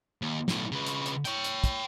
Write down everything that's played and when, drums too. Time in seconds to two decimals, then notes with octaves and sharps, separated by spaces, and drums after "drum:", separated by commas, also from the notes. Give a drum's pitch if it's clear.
0.22 D#2
0.48 B1 A2, drum: snare
0.72 C#3 B4
0.87 drum: hi-hat
1.06 drum: hi-hat
1.25 C#5 G5, drum: hi-hat
1.44 drum: hi-hat
1.64 drum: kick, hi-hat